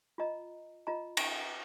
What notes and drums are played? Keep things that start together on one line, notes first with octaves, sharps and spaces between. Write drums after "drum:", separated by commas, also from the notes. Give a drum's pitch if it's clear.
F4 D#5 A#5
F4 D#5 A#5
drum: cymbal